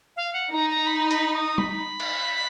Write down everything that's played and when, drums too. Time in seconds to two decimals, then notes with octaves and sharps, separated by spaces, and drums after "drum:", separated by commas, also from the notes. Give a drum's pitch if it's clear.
0.17 F5
0.33 F#5
0.52 D#4 A#5
0.70 A#5
0.87 B5
1.11 B5, drum: hi-hat
1.35 D#6
1.58 B5, drum: tom
2.00 drum: cymbal